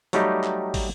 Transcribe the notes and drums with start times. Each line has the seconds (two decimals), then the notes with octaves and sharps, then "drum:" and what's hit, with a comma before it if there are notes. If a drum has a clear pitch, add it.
0.13 F#3 G3 A3 D#4 G4, drum: hi-hat
0.44 drum: clap
0.74 drum: kick, open hi-hat